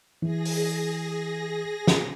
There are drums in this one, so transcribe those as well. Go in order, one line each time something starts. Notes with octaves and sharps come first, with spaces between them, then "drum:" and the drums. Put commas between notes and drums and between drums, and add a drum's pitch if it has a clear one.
E3 G#4 A#6
drum: open hi-hat
drum: snare